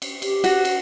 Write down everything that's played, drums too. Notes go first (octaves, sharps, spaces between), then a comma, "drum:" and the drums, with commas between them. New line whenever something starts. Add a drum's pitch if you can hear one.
drum: cymbal
G4, drum: cymbal
F#4, drum: cymbal
drum: cymbal